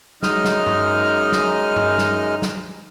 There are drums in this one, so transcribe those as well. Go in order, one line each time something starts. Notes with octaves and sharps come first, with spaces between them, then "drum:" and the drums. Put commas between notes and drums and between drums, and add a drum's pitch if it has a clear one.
F#2 G#3 D#4 D#5 F6, drum: snare
drum: snare
drum: tom G2
drum: snare
drum: tom G2
drum: snare
drum: snare